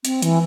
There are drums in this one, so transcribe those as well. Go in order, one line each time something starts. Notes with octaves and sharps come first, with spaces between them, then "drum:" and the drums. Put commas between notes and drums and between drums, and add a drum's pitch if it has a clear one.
C4, drum: hi-hat
E3, drum: hi-hat